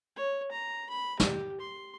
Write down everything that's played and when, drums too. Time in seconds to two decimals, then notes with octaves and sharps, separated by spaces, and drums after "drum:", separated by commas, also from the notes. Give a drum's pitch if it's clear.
0.16 C#5
0.52 A#5
0.90 B5
1.20 G4, drum: snare
1.61 C6